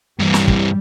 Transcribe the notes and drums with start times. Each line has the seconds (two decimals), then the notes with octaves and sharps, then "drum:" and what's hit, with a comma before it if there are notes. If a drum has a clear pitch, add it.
0.20 G2 E3 G3
0.34 drum: snare
0.48 drum: kick